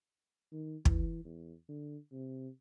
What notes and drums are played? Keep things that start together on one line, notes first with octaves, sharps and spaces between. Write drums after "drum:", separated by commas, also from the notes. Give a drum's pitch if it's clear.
D#3
E3, drum: kick
E2
D3
C3